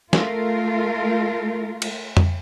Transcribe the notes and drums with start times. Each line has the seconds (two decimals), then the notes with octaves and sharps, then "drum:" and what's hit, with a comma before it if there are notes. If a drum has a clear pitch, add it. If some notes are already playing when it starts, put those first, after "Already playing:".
0.13 A3 F4 A#4, drum: snare
1.82 drum: cymbal
2.17 drum: tom F2